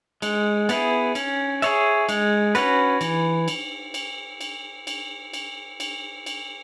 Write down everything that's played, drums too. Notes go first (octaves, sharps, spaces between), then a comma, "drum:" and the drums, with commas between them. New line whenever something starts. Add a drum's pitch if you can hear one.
G#3, drum: cymbal
B3 E4 G#4, drum: cymbal
C#4, drum: cymbal
G#4 C#5 E5, drum: cymbal
G#3, drum: cymbal
C#4 F#4 B4, drum: cymbal
E3, drum: cymbal
drum: cymbal
drum: cymbal
drum: cymbal
drum: cymbal
drum: cymbal
drum: cymbal
drum: cymbal